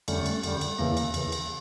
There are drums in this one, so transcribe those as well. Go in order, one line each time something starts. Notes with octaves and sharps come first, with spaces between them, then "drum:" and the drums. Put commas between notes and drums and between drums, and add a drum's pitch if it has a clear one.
F2 D3 G3 A3 C#4, drum: cymbal
drum: cymbal
F2 D3 G3, drum: cymbal
drum: cymbal
E2 C#3 E3 A#3
drum: cymbal
E2 C#3 E3, drum: cymbal
drum: cymbal